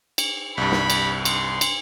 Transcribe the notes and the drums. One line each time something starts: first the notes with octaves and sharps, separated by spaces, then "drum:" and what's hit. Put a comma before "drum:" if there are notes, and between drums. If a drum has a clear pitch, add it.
drum: cymbal
C2 G2 B5
drum: snare
drum: cymbal
C6, drum: cymbal
drum: cymbal